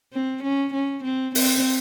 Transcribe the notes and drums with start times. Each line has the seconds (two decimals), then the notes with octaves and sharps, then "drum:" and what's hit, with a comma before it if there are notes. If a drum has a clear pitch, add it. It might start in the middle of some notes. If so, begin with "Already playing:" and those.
0.13 C4
0.43 C#4
0.74 C#4
1.04 C4
1.35 C4, drum: open hi-hat